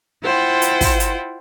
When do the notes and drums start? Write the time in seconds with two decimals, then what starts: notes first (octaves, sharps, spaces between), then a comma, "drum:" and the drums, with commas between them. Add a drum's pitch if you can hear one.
0.23 E4 F4 C5 F#5 G5
0.62 drum: hi-hat
0.81 drum: kick, open hi-hat
1.00 drum: hi-hat